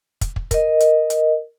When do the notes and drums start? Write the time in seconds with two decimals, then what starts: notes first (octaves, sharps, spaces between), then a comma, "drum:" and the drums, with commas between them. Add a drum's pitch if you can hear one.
0.21 drum: kick, hi-hat
0.36 drum: kick
0.51 A#4 D#5, drum: kick, hi-hat
0.80 drum: hi-hat
1.10 drum: hi-hat